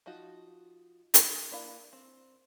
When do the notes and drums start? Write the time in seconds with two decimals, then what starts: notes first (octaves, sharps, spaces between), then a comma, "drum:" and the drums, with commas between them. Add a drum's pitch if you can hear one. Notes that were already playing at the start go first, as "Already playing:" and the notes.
0.06 F3 D#4 F4 F#4
1.14 drum: hi-hat
1.51 A#3 D4 E4 F5
1.93 C4